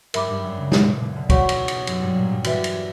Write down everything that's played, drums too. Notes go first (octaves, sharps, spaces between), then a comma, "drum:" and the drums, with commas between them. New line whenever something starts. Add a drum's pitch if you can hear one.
G2 G3 A#4 E5 B5 D6, drum: cymbal
G2 G3
F#2 F#3
C#2 C#3
B1 B2, drum: snare
A#2
B1 B2
D2 D3
E2 E3 F#4 C#5 F#5 C#6, drum: kick, cymbal
drum: cymbal
drum: cymbal
F#2 F#3, drum: cymbal
G2 G3
A#2 A#3
G2 G3
E2 E3 F#4 B4 E5, drum: cymbal
drum: cymbal